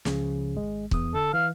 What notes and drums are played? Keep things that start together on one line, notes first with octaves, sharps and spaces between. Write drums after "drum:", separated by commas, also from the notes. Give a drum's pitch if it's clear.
C#2 C#3 F3, drum: snare
G#1 G#3
E2 D#6, drum: kick C#1
D3 A4
E3 F5